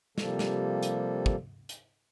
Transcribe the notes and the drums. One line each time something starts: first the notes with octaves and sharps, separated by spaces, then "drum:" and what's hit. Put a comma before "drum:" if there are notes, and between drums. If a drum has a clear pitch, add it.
C3 F3 G3 A#3 A4, drum: snare
drum: snare
drum: hi-hat
drum: kick
drum: hi-hat